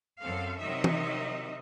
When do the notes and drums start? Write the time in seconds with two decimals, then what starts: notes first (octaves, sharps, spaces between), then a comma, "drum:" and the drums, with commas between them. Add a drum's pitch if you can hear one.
0.21 F#2 C4 A4 F5
0.59 C3 D#3 F#3 D#4 D#5 E5
0.84 drum: tom